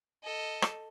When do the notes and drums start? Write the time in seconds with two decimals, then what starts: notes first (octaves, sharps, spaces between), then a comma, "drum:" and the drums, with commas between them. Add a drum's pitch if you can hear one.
0.24 A4 D#5
0.62 drum: rim click